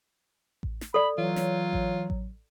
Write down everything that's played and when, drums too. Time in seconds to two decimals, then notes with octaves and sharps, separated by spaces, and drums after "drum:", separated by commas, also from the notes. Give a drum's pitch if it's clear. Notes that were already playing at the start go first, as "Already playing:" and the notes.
0.63 drum: kick A1
0.81 drum: snare
0.94 A4 D5 B5
1.18 E3 F#3 F4 C#5
1.36 drum: snare
1.73 drum: kick A1
2.10 drum: kick A1